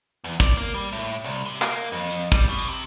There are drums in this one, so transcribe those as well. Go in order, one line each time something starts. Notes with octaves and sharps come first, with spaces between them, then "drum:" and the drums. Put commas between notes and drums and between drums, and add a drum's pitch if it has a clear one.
E2
D5, drum: kick, tambourine
A#3
G3
A2
C2
C3
A#3, drum: clap
F2
drum: tambourine
G3, drum: kick
B2
drum: tambourine
C3